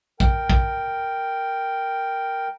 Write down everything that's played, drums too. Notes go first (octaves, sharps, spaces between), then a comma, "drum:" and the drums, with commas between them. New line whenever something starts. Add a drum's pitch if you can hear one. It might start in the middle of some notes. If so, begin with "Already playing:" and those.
A#4 G5, drum: kick
drum: kick